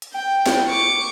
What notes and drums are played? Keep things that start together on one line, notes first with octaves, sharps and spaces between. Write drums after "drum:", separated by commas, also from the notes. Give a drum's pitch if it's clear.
drum: hi-hat
G5
drum: snare
C#6 D6